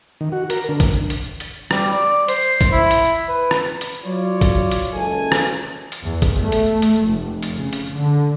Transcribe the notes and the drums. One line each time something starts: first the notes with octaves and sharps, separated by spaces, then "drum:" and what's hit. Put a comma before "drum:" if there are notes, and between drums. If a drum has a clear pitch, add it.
D#3
F#4
A#4, drum: hi-hat
D3
drum: kick, hi-hat
drum: hi-hat
drum: hi-hat
G3, drum: rim click
D5
C5, drum: hi-hat
drum: kick, hi-hat
E4
drum: hi-hat
B4
drum: rim click
drum: hi-hat
F#3 F4 C#5 D5
drum: kick, hi-hat
drum: hi-hat
F#1 C#2 E3 A#3 A4 G#5
drum: rim click
drum: hi-hat
E2
drum: kick, hi-hat
A3
drum: hi-hat
drum: hi-hat
F1
drum: hi-hat
C#3
drum: hi-hat
D3